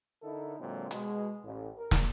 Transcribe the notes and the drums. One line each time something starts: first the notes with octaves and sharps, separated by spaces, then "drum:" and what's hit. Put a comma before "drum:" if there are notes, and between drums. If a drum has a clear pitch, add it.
D3 D#4 E4 A4 A#4
A#2 D3 F#3 G#3 C4
B2 G#3, drum: hi-hat
A1
A#4
drum: snare